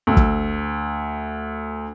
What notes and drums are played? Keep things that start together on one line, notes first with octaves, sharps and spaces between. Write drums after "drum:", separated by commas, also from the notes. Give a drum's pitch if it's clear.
D2 E6
drum: kick